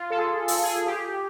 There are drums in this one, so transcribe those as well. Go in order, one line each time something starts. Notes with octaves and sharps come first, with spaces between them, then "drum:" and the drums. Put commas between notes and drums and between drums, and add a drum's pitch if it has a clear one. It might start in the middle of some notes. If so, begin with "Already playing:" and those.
Already playing: F4
A4
G#4
drum: open hi-hat
G#4
G4